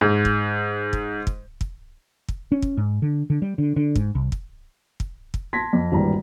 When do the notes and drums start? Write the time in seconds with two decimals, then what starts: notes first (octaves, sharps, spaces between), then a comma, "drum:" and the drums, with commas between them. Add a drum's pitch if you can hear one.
0.01 G#2
0.25 drum: kick
0.93 drum: kick
1.27 drum: kick
1.61 drum: kick
2.29 drum: kick
2.52 C#4
2.62 drum: kick
2.77 G#2
3.02 D3
3.30 D3
3.42 G3
3.58 D3
3.76 D3
3.96 G#2, drum: kick
4.15 C2
4.32 drum: kick
5.00 drum: kick
5.34 drum: kick
5.53 A5 C6 G#6 A#6 B6
5.73 F2
5.92 D#1 G#1 G2 E3 G3 A#5